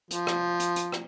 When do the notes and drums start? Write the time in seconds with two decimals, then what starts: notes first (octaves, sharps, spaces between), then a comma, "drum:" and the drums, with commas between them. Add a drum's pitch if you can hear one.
0.11 F3, drum: hi-hat
0.27 drum: rim click
0.60 drum: hi-hat
0.76 drum: hi-hat
0.92 drum: rim click